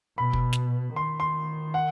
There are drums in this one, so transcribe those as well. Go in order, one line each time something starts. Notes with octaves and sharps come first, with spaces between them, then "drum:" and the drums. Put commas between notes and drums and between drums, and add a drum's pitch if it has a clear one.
B2 B5
drum: kick
drum: snare
D#3 C6
C6
F#5